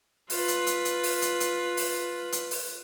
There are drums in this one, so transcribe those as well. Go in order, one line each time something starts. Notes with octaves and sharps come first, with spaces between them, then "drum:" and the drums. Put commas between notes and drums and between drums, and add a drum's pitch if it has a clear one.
F4 B4, drum: open hi-hat
drum: hi-hat
drum: hi-hat
drum: hi-hat
drum: open hi-hat
drum: hi-hat
drum: hi-hat
drum: open hi-hat
drum: hi-hat
drum: open hi-hat